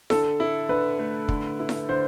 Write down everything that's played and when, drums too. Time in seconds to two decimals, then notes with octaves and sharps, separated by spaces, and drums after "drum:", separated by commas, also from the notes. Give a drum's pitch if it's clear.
0.10 D3 A4, drum: snare E4
0.40 E4
0.69 D3 B4
0.99 A3
1.29 D3, drum: kick
1.59 E4
1.69 drum: snare E4
1.89 D3 C5